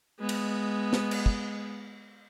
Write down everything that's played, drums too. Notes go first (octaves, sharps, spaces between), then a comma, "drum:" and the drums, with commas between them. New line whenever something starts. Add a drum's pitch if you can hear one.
G#3 B3
drum: cymbal
drum: snare
drum: cymbal
drum: kick